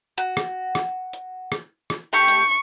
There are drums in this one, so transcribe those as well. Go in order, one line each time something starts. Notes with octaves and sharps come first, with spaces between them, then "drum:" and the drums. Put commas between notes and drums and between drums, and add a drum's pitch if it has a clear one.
F#4
drum: rim click
drum: rim click
drum: hi-hat
drum: rim click
drum: rim click
A3 G4 C#6
drum: hi-hat